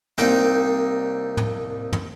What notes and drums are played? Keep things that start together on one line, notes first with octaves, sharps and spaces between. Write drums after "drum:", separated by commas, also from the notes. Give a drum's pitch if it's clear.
C2 A#3 D#4 G5 A#5, drum: snare
drum: tom
drum: tom